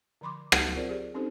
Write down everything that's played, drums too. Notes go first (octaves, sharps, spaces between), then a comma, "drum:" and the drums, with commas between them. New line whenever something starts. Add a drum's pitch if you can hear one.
D3 F3 B5 C6 D6
F#3 G4 F#5 A5, drum: rim click
C4 F4 G#4 A#4 C5 D5
G4 G#4 D5
C4 C#4 D#4 G4 A4 C5